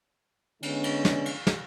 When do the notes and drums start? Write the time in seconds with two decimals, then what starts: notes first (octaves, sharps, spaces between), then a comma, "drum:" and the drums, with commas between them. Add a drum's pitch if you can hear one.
0.63 D3 G#3 B3 C#4 D4, drum: cymbal
0.84 drum: cymbal
1.05 drum: snare
1.26 drum: cymbal
1.47 drum: snare